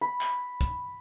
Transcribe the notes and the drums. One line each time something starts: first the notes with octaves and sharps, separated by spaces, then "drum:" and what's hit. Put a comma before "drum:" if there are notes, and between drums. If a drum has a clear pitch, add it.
B5
drum: clap
drum: kick, hi-hat